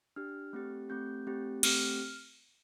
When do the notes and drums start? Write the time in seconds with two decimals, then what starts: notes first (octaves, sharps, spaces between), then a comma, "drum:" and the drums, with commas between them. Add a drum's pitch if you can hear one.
0.16 D4 G4 F6
0.53 A3 C4 G4
0.89 A3 C4 G4 G6
1.27 A3 C4 G4
1.63 A3 C4 G4 F6, drum: cymbal